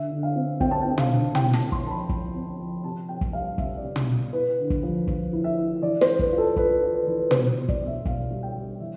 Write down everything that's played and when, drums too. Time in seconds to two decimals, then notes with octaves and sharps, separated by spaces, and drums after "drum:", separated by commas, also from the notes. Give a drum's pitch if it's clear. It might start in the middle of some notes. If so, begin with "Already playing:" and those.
Already playing: D3 E5
0.11 D3
0.23 F5
0.36 C4
0.60 C4 G5, drum: kick
0.71 A5
0.82 C4 G5
0.98 F5, drum: tom
1.10 D3
1.35 E4 G5, drum: tom
1.53 A5, drum: snare
1.60 C4
1.72 C6, drum: kick
1.85 F3 A5
1.90 B5
2.09 F3, drum: kick
2.34 C4
2.59 F3
2.84 C3 A5
3.09 C3 G5
3.21 drum: kick
3.33 G3 F5
3.58 C3 E5, drum: kick
3.77 D5
3.83 C3
3.96 drum: tom
4.08 B3
4.33 E4 B4
4.58 D3
4.70 drum: kick
4.83 F3
5.07 F3, drum: kick
5.33 E4
5.44 E5
5.57 E4
5.82 E3 D5
6.01 C5, drum: snare
6.07 E3
6.19 B4, drum: kick
6.32 F4
6.38 A4
6.56 F4 B4, drum: kick
6.82 F4
6.94 B4
7.06 E3
7.19 B4
7.31 B2 C5, drum: tom
7.56 B2
7.69 D5, drum: kick
7.81 B3
7.87 E5
8.05 B2 F5, drum: kick
8.30 G3
8.43 G5
8.55 G3
8.80 E3 E5